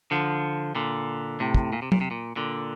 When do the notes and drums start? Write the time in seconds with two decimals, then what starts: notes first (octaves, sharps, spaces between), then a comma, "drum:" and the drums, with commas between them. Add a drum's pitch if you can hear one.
0.11 D3 F3
0.75 A#2 D3
1.40 A2 C3
1.55 drum: kick
1.73 A#2
1.82 C3
1.92 A#2, drum: tom F#3
2.01 C3
2.11 A#2
2.36 A#2 D3